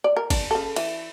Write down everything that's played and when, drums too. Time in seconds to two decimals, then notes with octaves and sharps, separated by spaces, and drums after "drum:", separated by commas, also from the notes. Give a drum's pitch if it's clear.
0.04 D5
0.17 A#4
0.30 D4, drum: kick, cymbal
0.51 C#3 A4
0.76 E3, drum: cymbal